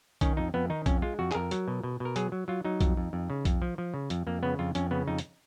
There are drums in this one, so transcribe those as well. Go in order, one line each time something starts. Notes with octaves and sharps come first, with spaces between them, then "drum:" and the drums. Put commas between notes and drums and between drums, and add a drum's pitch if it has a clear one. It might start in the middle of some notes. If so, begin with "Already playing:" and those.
D#3 C#4, drum: kick B1, hi-hat
F2 D#4
F2 B3
D#3 D#4
F2 C#4, drum: kick B1, hi-hat
G#3 F4
F2 F#4
G#4, drum: clap
F2 A#4
F#3, drum: hi-hat
B2
B2
B2
A#4
F#3 G#4, drum: hi-hat
F#3
F#3 F4
F#3 D#4
F2, drum: kick B1, hi-hat
F2
F2
C#3
F2, drum: kick B1, hi-hat
F3
F3
C#3
F2, drum: hi-hat
F2 A#3
C#3 B3
F2 F4
F2 C#4, drum: hi-hat
C#3 B3
F2 D#4
drum: hi-hat